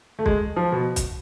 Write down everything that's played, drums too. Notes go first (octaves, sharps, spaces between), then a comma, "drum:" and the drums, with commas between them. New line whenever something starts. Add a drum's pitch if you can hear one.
A3
G#3, drum: kick
F3
B2
drum: kick, hi-hat